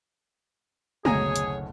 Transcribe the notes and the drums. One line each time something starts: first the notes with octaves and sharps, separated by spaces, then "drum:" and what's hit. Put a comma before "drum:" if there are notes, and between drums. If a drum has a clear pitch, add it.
F#1 D2 B2 G#4 C#5 G#5 A#5, drum: tom G#3
drum: hi-hat